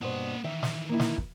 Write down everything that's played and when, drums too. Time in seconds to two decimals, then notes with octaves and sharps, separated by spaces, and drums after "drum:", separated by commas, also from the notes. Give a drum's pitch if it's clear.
0.01 G2 B2 A#3 C5 F#5
0.44 D#3 E3 E5
0.63 drum: snare
0.89 A#3 D#4 E4
1.00 drum: snare
1.18 drum: kick